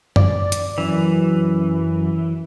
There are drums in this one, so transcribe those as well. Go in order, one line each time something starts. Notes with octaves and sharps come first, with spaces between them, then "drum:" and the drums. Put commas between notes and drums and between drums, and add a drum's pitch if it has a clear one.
D5, drum: tom F#2
drum: hi-hat
F#2 E3